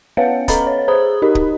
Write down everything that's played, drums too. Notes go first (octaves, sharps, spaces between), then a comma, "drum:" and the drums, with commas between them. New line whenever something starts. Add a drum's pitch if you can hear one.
B3 C#4 B4 C#5 F5 F#5
A4 B4 D#5 A#5 B5 A6, drum: kick, hi-hat
C#5
G#4 C5 A#5 B5 D#6
D#4 G4 A#4 D#5
drum: kick